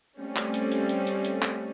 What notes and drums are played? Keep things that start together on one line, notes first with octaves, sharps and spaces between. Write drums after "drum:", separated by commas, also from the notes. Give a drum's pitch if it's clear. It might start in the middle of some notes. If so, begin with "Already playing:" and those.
G3 A3 C4 C#4
drum: clap
drum: hi-hat
drum: hi-hat
drum: hi-hat
drum: hi-hat
drum: hi-hat
drum: clap